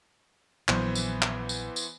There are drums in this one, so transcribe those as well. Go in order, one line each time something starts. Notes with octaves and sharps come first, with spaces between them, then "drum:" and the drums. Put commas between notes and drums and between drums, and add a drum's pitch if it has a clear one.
A#1 E3 F#3 B3 C5, drum: clap
drum: tambourine
drum: clap
drum: tambourine
drum: tambourine